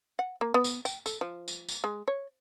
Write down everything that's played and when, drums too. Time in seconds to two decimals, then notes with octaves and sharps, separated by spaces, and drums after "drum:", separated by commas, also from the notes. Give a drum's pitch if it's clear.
0.19 F#5
0.41 A#3
0.54 B3
0.64 drum: tambourine
0.85 G5, drum: tambourine
1.06 A4, drum: tambourine
1.21 F3
1.48 drum: tambourine
1.69 drum: tambourine
1.84 G#3
2.08 C#5